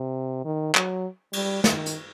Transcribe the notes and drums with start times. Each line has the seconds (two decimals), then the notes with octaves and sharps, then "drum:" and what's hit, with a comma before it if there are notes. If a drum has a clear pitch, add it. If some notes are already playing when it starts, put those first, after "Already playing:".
Already playing: C3
0.45 D#3
0.75 F#3, drum: clap
1.33 G3, drum: cymbal
1.64 D#3, drum: snare
1.86 drum: hi-hat